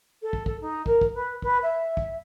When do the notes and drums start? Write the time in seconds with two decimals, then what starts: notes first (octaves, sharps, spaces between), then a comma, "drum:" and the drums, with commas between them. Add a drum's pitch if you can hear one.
0.22 A4
0.33 drum: kick
0.46 A4, drum: kick
0.60 D#4
0.86 A#4, drum: kick
1.01 drum: kick
1.14 B4
1.42 B4, drum: kick
1.62 E5
1.97 drum: kick